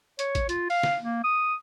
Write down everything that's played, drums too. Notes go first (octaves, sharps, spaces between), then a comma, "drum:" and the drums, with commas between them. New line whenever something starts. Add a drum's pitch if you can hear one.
C#5, drum: hi-hat
drum: kick, hi-hat
F4, drum: hi-hat
F5, drum: open hi-hat
drum: snare
A#3
D#6